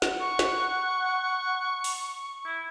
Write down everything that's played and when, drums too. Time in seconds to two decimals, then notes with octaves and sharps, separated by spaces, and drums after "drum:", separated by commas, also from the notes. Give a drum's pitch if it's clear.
0.02 F#5, drum: snare
0.20 C#6
0.39 drum: snare
1.84 drum: open hi-hat
2.46 E4